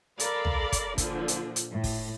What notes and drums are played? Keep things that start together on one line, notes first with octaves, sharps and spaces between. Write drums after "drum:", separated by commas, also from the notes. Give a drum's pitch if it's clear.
A4 A#4 D5 F5 B5, drum: hi-hat
drum: tom
drum: kick, hi-hat
A#2 D3 F3, drum: kick, hi-hat
drum: hi-hat
drum: hi-hat
A2
drum: kick, open hi-hat